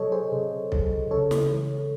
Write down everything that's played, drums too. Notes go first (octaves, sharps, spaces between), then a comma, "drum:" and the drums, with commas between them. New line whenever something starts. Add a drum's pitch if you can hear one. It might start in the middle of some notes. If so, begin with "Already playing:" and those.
Already playing: C3 F#3 A4 C#5 D#5
G#4 C5
C3
F#3, drum: kick B1
C#3 A4 C#5
drum: snare
E3 G#3